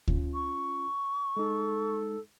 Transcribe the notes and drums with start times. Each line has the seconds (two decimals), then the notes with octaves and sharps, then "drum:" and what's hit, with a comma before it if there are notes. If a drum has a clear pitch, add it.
0.08 C#4 F4, drum: kick D2
0.34 C#6
1.37 G#3 D#4 A4